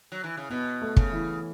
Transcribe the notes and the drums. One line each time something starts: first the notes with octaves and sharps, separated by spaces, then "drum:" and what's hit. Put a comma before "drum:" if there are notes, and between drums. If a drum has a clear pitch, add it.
F#3
E3
C#3
B2 B3
A3
C#3, drum: kick
E3